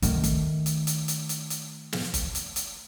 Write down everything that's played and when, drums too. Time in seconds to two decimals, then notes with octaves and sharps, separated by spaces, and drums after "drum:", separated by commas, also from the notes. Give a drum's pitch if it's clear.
0.02 D#3 A3, drum: hi-hat
0.24 drum: kick G1, hi-hat
0.66 drum: hi-hat
0.87 drum: hi-hat
1.08 drum: hi-hat
1.29 drum: hi-hat
1.50 drum: hi-hat
1.93 drum: snare
2.14 drum: kick G1, hi-hat
2.35 drum: hi-hat
2.56 drum: hi-hat